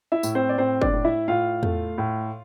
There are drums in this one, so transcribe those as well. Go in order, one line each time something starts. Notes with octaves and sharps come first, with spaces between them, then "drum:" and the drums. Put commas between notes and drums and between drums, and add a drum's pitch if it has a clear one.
E4 E5
A2, drum: tambourine
C4 C5
D5
A2 C4 C5
D4 D5, drum: kick
A2
E4 E5
A2 F4 F5
A3, drum: tom E2
A2